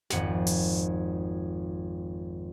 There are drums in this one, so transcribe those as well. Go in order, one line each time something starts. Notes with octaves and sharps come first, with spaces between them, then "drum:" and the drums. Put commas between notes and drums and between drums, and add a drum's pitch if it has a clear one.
G#1 F2 F#5, drum: snare
drum: open hi-hat